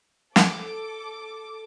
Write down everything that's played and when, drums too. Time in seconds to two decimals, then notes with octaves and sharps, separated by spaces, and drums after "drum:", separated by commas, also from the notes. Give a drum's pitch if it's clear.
0.36 A4 D6, drum: snare